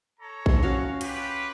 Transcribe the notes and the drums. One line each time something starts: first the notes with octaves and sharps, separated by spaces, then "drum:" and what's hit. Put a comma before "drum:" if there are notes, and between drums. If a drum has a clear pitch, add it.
A4 C#5 A#5
drum: kick A#1
C#4 F#4 F5
F4 G4 B4, drum: hi-hat